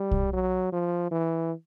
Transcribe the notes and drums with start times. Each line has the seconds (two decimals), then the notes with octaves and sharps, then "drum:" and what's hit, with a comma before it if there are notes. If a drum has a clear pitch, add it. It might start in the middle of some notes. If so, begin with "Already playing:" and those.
Already playing: G3
0.11 drum: kick
0.33 F#3
0.73 F3
1.11 E3